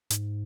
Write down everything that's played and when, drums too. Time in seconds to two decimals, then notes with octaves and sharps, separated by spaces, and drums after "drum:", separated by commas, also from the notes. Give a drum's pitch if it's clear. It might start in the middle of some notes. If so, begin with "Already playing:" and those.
0.10 G#2, drum: hi-hat